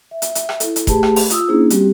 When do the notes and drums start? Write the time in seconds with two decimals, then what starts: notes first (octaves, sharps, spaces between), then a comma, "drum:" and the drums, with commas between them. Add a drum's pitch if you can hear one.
0.11 E5
0.22 drum: hi-hat
0.35 drum: hi-hat
0.49 drum: rim click
0.60 E4 A4, drum: hi-hat
0.76 drum: hi-hat
0.87 A3 G4 G#4 B4 A5 B5, drum: kick F1, hi-hat
1.03 drum: rim click
1.16 drum: open hi-hat
1.30 F4 D#6 E6, drum: hi-hat
1.48 A#3 C#4 D4 E4 G#4 C5
1.70 G3 C4 F#4 G4, drum: hi-hat